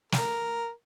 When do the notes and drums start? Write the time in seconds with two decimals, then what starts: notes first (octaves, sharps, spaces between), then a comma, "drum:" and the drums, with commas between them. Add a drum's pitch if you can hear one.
0.12 A#4, drum: snare